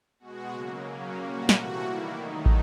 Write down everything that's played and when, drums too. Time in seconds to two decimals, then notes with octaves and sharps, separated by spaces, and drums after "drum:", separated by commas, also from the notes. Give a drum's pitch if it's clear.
0.19 B2 G#3 F#4
0.51 C#3 F#3 A#3
0.83 C#3 F#3 A#3 C#4
1.16 A#2 G3 A#3 F#4
1.49 C3 E3 A3, drum: snare
1.81 D#3 G3 A#3 E4
2.13 D#3 F#3 A3 D#4
2.46 drum: kick